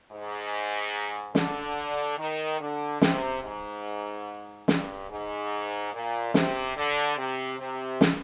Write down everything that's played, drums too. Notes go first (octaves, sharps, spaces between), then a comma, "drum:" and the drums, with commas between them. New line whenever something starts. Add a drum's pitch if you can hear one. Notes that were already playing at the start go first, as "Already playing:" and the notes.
G#2
D3, drum: snare
D#3
D3
C3, drum: snare
G#2
G2, drum: snare
G#2
A#2
C3, drum: snare
D3
C3
C3
drum: snare